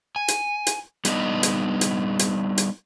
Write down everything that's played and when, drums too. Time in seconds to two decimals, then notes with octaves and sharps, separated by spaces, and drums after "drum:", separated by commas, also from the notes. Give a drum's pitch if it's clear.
0.16 G#5
0.28 drum: hi-hat
0.67 drum: hi-hat
1.05 G3 B3 D4 D#4 D#5, drum: hi-hat
1.43 drum: hi-hat
1.81 drum: hi-hat
2.19 drum: hi-hat
2.58 drum: hi-hat